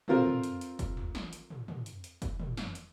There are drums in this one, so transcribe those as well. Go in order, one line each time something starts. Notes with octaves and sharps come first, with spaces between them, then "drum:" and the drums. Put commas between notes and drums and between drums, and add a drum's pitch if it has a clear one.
A3 C4 F4 A#4 C5 F5, drum: tom
drum: tom
drum: hi-hat
drum: hi-hat
drum: kick, hi-hat
drum: tom
drum: snare
drum: hi-hat
drum: tom
drum: tom
drum: hi-hat
drum: hi-hat
drum: kick, hi-hat
drum: tom
drum: snare
drum: hi-hat